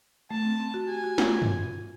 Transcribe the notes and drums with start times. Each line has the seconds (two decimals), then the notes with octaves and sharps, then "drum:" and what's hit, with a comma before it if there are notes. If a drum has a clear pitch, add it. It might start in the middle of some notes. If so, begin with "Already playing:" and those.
0.30 A3 A5
0.45 C4
0.59 C4
0.74 F#4
0.89 G4 G#5
1.04 F#4
1.18 F4, drum: snare
1.42 drum: tom